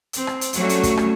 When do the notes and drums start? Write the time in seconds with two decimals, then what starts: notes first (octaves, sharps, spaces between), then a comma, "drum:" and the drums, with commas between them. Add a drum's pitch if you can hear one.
0.13 C4, drum: hi-hat
0.27 drum: rim click
0.41 drum: hi-hat
0.53 F#3 G3 A3 C#4 F#4, drum: hi-hat
0.69 drum: hi-hat
0.83 drum: kick, hi-hat
0.97 drum: rim click